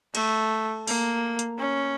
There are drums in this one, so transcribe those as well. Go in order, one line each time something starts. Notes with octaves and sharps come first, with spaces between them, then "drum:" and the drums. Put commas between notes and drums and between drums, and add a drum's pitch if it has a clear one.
A3, drum: cymbal
A#3, drum: open hi-hat
drum: hi-hat
C#4